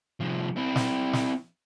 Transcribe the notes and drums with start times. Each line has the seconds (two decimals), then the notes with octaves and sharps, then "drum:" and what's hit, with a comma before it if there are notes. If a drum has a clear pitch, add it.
0.21 C2 F3
0.57 C4 E4
0.76 drum: snare
1.13 drum: snare